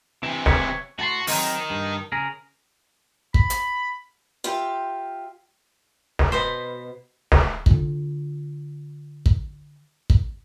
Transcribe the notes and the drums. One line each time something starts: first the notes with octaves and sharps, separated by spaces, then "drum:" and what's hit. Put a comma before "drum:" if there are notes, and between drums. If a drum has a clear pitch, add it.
C3 E3 E4
C#5 E5 F#5, drum: snare
A2 F#4 A5 C6
D#3 F#3 C4 D#4, drum: open hi-hat
G2
C#3 G#4 A#4
B5, drum: kick
drum: hi-hat
F4 G4 E5 F5 G5
drum: snare
B2 B3 C5
drum: snare
D3 F4, drum: kick
drum: kick
drum: kick